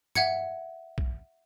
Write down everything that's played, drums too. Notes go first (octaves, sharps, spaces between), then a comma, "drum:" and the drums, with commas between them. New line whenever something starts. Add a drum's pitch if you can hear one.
E5 F#5 G#6 C#7, drum: tom G2
drum: kick